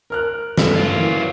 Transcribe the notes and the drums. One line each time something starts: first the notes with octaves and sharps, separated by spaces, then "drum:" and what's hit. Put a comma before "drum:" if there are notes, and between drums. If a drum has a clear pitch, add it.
A#4 F6 F#6
G2 A3, drum: snare
F#3 F4
E3 A#3